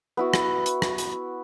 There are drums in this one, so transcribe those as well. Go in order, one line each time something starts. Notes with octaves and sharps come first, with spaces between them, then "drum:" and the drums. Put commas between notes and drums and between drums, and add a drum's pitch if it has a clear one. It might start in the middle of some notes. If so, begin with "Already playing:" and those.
B3 E4 F#4
drum: rim click
drum: hi-hat
drum: rim click
drum: hi-hat